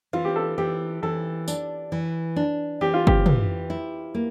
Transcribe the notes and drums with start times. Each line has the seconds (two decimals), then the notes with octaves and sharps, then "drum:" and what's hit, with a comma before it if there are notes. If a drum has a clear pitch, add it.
0.13 E3 F4
0.25 G4
0.36 A4
0.58 E3 G4
1.03 E3 A4
1.48 D4, drum: tambourine
1.92 E3
2.36 D4
2.81 E3 G4
2.94 F4
3.07 G4, drum: kick F#1
3.26 E3, drum: tom
3.70 E4
4.15 A#3